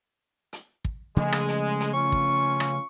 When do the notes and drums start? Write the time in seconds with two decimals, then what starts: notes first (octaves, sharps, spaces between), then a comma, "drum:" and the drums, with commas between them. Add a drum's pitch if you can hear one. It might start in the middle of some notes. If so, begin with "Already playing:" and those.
0.53 drum: hi-hat
0.85 drum: kick
1.17 C#3 F3 G#3 A3
1.32 drum: rim click
1.48 drum: hi-hat
1.80 drum: hi-hat
1.93 C#4 F4 C#6
2.12 drum: kick
2.60 drum: rim click